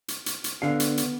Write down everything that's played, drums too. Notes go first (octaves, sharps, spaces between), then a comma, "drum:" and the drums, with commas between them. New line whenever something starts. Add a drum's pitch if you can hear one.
drum: hi-hat
drum: hi-hat
drum: hi-hat
D3 B3 F5, drum: snare
drum: hi-hat
drum: hi-hat